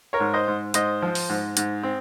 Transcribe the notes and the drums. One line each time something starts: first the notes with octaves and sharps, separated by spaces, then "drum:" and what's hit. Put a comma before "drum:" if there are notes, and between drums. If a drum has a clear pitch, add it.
A#4 C#5
G#2
C5 D#5
G#2
G#2 C5 D#5, drum: hi-hat
F3
drum: open hi-hat
G#2
G#2, drum: hi-hat
C4